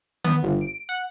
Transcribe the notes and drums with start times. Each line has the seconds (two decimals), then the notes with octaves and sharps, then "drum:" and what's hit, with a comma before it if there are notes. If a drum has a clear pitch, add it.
0.24 B3, drum: tom D3
0.43 G1
0.61 D7
0.89 F#5